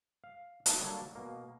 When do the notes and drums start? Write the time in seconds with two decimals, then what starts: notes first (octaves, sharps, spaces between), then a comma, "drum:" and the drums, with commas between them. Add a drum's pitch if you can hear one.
0.24 F5
0.66 A3 B3 D#4 F4 A4, drum: hi-hat
0.79 F#3 G3 A#3 D4 A4 C#5
1.15 B2 A#3